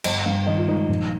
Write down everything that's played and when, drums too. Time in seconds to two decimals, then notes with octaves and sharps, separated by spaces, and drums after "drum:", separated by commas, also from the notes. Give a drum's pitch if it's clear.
0.04 G1 D#5, drum: cymbal
0.26 G2 F5
0.46 D#3 D#5
0.58 F4
0.67 G#3 D#4
0.78 D#4
0.89 A#1